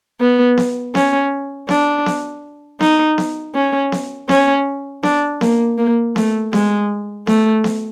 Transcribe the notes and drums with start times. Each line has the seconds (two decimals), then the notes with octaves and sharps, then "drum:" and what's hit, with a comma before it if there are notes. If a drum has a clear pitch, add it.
0.20 B3
0.57 drum: snare B3
0.95 C#4, drum: snare B3
1.69 D4, drum: snare B3
2.06 drum: snare B3
2.81 D#4, drum: snare B3
3.18 drum: snare B3
3.54 C#4
3.92 drum: snare B3
4.29 C#4, drum: snare B3
5.03 D4, drum: snare B3
5.41 A#3, drum: snare B3
5.78 A#3
6.16 A3, drum: snare B3
6.53 G#3, drum: snare B3
7.27 A3, drum: snare B3
7.64 drum: snare B3